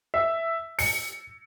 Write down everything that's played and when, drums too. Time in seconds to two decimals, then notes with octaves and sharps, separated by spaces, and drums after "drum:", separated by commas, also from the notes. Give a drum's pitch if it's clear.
0.14 E5
0.79 C#7, drum: open hi-hat